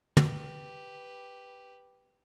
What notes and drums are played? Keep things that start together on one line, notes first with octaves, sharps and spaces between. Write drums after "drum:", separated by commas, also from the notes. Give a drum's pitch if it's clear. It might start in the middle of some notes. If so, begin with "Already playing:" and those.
G4 B4, drum: tom